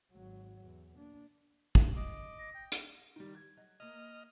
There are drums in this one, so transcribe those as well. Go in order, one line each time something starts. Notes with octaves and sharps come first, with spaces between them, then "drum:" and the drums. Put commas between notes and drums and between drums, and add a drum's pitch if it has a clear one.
G#1 F#3
E2
A#3 D4
drum: kick
D#5 D6
A#6
G5
drum: hi-hat
D#3 G3
G#6
F#3 D#5
A#3 E4 D#5 F6